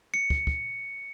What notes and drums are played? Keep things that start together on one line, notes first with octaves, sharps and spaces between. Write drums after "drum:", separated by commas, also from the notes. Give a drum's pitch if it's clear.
C#7
drum: kick
drum: kick